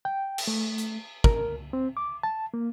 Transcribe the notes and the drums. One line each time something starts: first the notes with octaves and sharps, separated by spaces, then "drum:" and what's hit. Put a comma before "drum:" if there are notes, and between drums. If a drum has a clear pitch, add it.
G5
drum: cymbal
A3
drum: hi-hat
A#4, drum: kick
C4
D6
A5
A#3